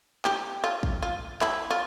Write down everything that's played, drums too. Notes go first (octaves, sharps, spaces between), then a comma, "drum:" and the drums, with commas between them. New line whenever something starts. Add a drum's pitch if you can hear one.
G4, drum: clap
F4
drum: kick
F4
E4, drum: clap
F4